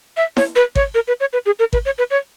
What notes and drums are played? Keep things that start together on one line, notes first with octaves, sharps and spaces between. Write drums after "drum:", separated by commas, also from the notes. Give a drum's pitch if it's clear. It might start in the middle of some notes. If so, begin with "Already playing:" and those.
E5
C#5, drum: snare E4
B4
C#5, drum: kick G#1
A#4
B4
C#5
B4
G#4
A#4
B4, drum: kick G#1
C#5
B4
C#5